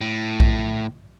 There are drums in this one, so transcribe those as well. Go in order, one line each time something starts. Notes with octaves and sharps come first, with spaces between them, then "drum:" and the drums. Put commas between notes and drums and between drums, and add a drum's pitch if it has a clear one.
A2
drum: kick A#1